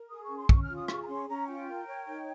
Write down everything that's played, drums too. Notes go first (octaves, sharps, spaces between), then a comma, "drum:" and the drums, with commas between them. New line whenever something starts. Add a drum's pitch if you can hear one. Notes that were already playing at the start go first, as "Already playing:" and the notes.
Already playing: A#4
G#4 D#6
C#6
C#4
C6
C#4 C#6, drum: kick
F6
F4
D#6
G#4 C#6, drum: rim click
A#5
C#4 C6
C#4 A#5
F4 G5
A#4
C#5
D#4